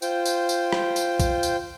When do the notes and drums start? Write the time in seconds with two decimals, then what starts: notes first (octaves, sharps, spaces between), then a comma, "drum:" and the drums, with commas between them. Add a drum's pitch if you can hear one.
0.02 F4 C5 G5, drum: tambourine
0.26 drum: tambourine
0.49 drum: tambourine
0.73 drum: rim click
0.96 drum: tambourine
1.20 drum: kick A#1, tambourine
1.43 drum: tambourine